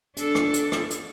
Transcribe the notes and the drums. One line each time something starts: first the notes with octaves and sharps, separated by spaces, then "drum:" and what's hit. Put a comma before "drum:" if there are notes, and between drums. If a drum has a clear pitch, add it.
D4 A4, drum: hi-hat
drum: rim click
drum: hi-hat
drum: rim click
drum: hi-hat